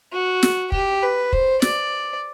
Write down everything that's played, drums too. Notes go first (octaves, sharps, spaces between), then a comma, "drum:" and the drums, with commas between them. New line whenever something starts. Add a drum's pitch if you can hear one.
F#4
drum: snare
G4, drum: kick
B4
C5, drum: kick
D5, drum: snare